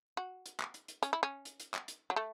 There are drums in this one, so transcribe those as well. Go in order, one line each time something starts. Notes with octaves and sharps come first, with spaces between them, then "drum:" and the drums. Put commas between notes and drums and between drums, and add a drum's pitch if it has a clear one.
F#4
drum: hi-hat
drum: clap
drum: hi-hat
drum: hi-hat
C#4, drum: hi-hat
E4
C#4
drum: hi-hat
drum: hi-hat
drum: clap
drum: hi-hat
F#3
A3